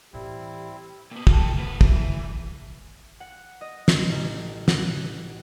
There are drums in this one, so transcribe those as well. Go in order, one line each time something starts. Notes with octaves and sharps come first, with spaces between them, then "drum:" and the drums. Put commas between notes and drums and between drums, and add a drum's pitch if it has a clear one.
A2 E3 G3 C4 E4 G4
A#2 B3
F4 A4, drum: kick
A#3 B4
E3, drum: kick
F#5
D#5
drum: snare
A1
F#5, drum: snare